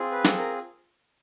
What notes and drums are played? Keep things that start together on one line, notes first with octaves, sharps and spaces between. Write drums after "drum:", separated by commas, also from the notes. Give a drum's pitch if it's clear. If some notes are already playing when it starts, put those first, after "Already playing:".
Already playing: C4 F4 G#4
B4
A4, drum: snare
A#4